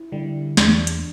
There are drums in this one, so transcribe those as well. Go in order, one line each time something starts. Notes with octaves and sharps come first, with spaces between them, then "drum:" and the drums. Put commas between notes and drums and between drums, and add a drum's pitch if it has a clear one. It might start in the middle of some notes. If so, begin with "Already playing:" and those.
Already playing: E4
D3 G3
E2 D4, drum: snare
drum: hi-hat